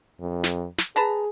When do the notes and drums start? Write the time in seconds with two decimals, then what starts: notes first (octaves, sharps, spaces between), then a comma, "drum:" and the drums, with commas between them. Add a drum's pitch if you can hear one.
0.21 F2
0.44 drum: snare
0.79 drum: snare
0.96 G#4 B4 A5 A#5